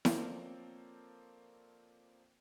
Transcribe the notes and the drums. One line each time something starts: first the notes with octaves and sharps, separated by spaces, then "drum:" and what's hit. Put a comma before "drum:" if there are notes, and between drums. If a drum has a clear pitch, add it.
F3 A#3 C4 A4 C#5 D5, drum: snare E4